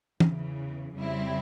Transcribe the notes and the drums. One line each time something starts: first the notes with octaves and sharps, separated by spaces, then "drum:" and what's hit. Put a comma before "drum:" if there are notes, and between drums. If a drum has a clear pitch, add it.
E2 C#3 E3, drum: tom
F2 C#3 G3 C4 E4